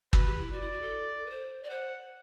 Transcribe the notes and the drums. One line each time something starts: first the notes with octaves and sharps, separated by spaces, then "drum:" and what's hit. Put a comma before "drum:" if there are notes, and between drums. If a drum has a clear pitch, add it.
F#4 B4, drum: kick
G4
E4
F#4 D5
E4
F#4
A4
B4
C5
D5
C5 F#5